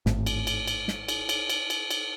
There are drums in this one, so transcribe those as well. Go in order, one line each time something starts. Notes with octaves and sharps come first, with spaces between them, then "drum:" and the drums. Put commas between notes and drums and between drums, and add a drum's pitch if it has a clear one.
G#1 A2, drum: snare
drum: cymbal
drum: cymbal
drum: cymbal
drum: snare
drum: cymbal
drum: cymbal
drum: cymbal
drum: cymbal
drum: cymbal